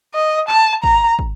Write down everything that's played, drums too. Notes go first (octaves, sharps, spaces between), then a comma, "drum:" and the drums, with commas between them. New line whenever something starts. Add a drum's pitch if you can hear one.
D#5
A5, drum: clap
A#5, drum: kick
drum: kick